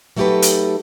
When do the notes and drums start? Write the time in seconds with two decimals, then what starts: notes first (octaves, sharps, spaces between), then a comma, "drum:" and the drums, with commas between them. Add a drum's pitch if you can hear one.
0.16 F#3 A3 D#4 G4 A4 B4
0.42 drum: hi-hat